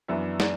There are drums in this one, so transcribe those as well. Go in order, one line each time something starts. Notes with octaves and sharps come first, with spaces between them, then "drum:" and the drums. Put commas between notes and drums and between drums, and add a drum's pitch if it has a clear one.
F#2 E3 B3 D4 E5
D5, drum: snare